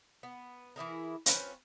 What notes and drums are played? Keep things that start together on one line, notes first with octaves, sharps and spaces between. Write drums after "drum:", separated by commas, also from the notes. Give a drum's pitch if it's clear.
B3
E3 E4 G#4 A#4
C4 C#4 F4 B4, drum: hi-hat